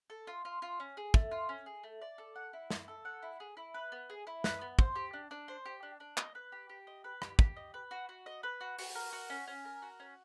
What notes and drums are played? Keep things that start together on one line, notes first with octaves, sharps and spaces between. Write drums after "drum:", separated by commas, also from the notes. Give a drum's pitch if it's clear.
A4
F4
F4
F4
C#4
G#4
A3, drum: kick
F4
C#4
G#4
A3
D5
A4
F#5
E4
D5, drum: snare
A4
F#5
E4
G#4
E4
B4
B3
G#4
E4
B4, drum: snare
B3
C5, drum: kick
G4
D4
D4
C5
G4
D4
D4
D#5, drum: clap
B4
G4
G4
D#5
B4
G4, drum: rim click
G4, drum: kick
D#5
B4
F#4
F#4
D#5
B4
F#4
F#4, drum: open hi-hat
A#4
F#4
C#4
C#4
A#4
F#4
C#4